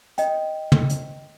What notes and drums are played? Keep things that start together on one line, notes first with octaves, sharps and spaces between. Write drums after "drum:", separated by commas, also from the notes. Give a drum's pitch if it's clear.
D#5 G5, drum: hi-hat
drum: tom
drum: hi-hat